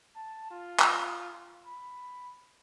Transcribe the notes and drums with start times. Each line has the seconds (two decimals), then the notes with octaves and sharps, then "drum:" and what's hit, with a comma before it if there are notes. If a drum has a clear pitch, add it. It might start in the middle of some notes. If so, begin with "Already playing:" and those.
0.16 A5
0.51 F4
0.80 drum: clap
1.66 B5